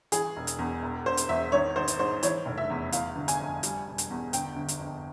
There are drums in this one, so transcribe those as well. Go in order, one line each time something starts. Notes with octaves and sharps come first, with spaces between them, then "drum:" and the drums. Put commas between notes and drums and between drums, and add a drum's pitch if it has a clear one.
E3 G#4, drum: hi-hat
E1
drum: hi-hat
E2
E1
E1 C5
drum: hi-hat
E2 E5
G#1 C#5
G#1 C5
drum: hi-hat
G#2 C5
E3 C#5, drum: hi-hat
F1
E5
E2
E3 F5, drum: hi-hat
G1
G#5, drum: hi-hat
F2
G3, drum: hi-hat
E1
drum: hi-hat
E2
G1 G5, drum: hi-hat
G1
drum: hi-hat
F2